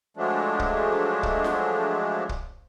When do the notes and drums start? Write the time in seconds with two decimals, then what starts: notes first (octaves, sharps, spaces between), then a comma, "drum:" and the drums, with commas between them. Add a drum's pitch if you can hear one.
0.17 F3 F#3 G#3 A3 D4
0.59 drum: kick
1.23 drum: kick
1.44 drum: snare F4
2.29 drum: kick